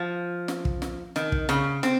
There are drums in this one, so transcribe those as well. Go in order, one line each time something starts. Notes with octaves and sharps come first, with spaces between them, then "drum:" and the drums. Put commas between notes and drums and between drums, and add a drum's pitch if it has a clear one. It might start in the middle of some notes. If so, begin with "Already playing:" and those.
Already playing: F3
drum: snare
drum: kick
drum: snare
D#3, drum: snare
drum: kick
C#3, drum: snare
C4, drum: snare